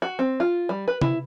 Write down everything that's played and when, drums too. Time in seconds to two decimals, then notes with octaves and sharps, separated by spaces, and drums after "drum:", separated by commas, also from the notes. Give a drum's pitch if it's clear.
0.02 F#4
0.19 C4
0.40 F4
0.69 G3
0.88 B4
1.01 E4, drum: tom